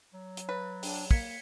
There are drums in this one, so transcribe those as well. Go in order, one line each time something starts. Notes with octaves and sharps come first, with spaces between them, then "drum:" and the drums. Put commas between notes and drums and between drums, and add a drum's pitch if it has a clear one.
F#3
drum: hi-hat
B4 C#5
D4 G5, drum: open hi-hat
A#3 G#6 B6 C#7, drum: kick